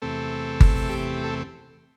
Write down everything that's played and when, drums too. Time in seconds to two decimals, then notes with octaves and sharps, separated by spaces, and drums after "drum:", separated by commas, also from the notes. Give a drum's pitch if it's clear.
0.02 E2 C3 A3 C4 A4
0.61 drum: kick G1
0.89 G4
1.24 A4